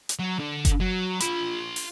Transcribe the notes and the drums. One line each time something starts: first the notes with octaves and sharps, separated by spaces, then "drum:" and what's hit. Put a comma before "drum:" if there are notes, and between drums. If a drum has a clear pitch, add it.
drum: hi-hat
F#3
D3
drum: kick F#1, hi-hat
F#3
F4 B5, drum: hi-hat
drum: open hi-hat